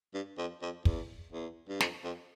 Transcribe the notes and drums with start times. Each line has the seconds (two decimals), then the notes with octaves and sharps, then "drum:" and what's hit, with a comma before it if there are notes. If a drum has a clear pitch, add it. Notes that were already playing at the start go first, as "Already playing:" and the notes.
0.14 G2
0.38 F2
0.62 F2
0.85 E2, drum: kick
1.33 E2
1.69 G2
1.80 F2, drum: snare
2.04 F2